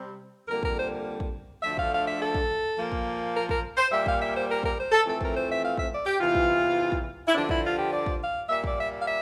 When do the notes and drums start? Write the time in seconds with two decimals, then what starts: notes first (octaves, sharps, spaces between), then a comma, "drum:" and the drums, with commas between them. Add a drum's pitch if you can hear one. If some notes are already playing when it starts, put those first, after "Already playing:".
Already playing: C3 G3 C4
0.48 F2 D3 G3 A#3 A#4
0.63 A#4, drum: kick
0.77 C5
1.20 drum: kick
1.63 D2 D3 F3 A3 E5
1.77 F5, drum: kick
1.91 F5
2.06 E5
2.20 A4
2.34 drum: kick
2.77 A#2 F3 A#3
2.92 drum: kick
3.34 A#4
3.49 A#4, drum: kick
3.77 C5
3.92 A#2 G3 A#3 E5
4.06 F5, drum: kick
4.21 E5
4.34 C5
4.49 A#4
4.63 A#4, drum: kick
4.78 C5
4.92 A4
5.06 F2 E3 A3 C4 A4
5.21 A#4, drum: kick
5.35 C5
5.49 E5
5.63 F5
5.77 E5, drum: kick
5.92 D5
6.06 G4
6.21 E2 C3 E3 F4
6.35 drum: kick
6.92 drum: kick
7.28 E4
7.35 G2 D3 F3 D4
7.49 E4, drum: kick
7.63 F4
7.78 G4
7.92 D5
8.06 drum: kick
8.21 F5
8.49 A#2 G3 A#3 E5
8.64 D5, drum: kick
8.78 E5
8.97 F5
9.06 E5